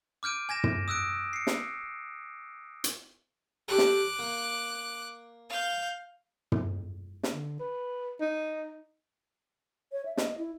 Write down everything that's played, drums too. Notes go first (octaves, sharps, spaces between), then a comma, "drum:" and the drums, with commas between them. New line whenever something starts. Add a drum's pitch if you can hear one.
D6 F6 G6 D7 D#7
G#5 G#6 A#6 E7
drum: tom
D#6 E6 F#6 D7
C7 C#7
drum: snare
drum: hi-hat
D4 G4 A4 D6 F#6
drum: snare
A#3
F5 G6
drum: tom
drum: snare
D3
B4
D#4
C#5
E5
D#5, drum: snare
E4